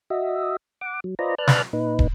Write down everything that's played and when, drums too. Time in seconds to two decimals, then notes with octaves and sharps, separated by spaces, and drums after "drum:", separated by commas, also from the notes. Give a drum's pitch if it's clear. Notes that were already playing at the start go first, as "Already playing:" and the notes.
0.10 F#4 D#5 E5
0.81 F#5 D6
1.04 F#3
1.19 F4 B4 C5 D5 D#5 A#5
1.38 B4 D5 A5 F6 F#6
1.47 drum: snare
1.73 A#2 D#4 B4
1.99 drum: kick